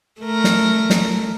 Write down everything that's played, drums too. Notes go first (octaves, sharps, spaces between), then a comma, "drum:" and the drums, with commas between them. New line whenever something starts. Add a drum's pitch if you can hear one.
A3 A#4
drum: snare
drum: snare